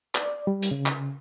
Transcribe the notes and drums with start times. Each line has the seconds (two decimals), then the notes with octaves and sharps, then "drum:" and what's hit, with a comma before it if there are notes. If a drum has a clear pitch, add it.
0.15 D5, drum: clap
0.47 G3
0.62 drum: hi-hat
0.71 C#3
0.86 drum: clap